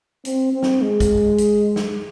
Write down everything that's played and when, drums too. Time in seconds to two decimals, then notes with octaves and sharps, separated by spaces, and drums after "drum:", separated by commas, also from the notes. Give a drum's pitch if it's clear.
0.25 C4, drum: hi-hat
0.53 C4
0.63 drum: snare
0.81 G#3
1.00 drum: kick, hi-hat
1.38 drum: hi-hat
1.76 drum: snare